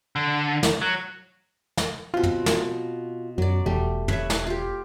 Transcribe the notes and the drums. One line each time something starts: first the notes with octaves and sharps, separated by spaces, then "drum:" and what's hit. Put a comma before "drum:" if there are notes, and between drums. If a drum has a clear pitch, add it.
D3
drum: snare
F#3
drum: snare
B2 C4 F4
drum: tom
drum: snare
F#2 F#3 D5
E1 G3 A3
B4 C#5 E5, drum: tom
drum: snare
F4 G4